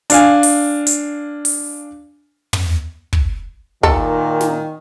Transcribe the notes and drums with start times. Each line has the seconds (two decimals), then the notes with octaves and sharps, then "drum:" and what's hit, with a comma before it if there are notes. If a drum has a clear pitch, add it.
0.10 D4 F5 G#5, drum: hi-hat
0.43 drum: open hi-hat
0.87 drum: hi-hat
1.45 drum: open hi-hat
2.53 drum: tom
3.13 drum: kick
3.83 A#2 D#3 A4, drum: kick
4.41 drum: snare